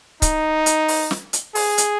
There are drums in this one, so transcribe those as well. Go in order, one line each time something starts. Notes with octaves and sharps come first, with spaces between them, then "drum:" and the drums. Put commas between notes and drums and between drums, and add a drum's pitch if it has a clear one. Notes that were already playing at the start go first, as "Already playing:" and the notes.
D#4, drum: kick C#1, hi-hat
drum: hi-hat
drum: open hi-hat
drum: snare
drum: hi-hat
G#4, drum: open hi-hat
drum: hi-hat